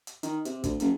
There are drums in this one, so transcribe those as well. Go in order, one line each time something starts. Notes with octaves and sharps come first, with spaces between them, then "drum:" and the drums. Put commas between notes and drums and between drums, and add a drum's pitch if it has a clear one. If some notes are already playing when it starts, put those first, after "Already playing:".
drum: hi-hat
D#3, drum: hi-hat
C3, drum: hi-hat
D2, drum: kick, hi-hat
F#1, drum: hi-hat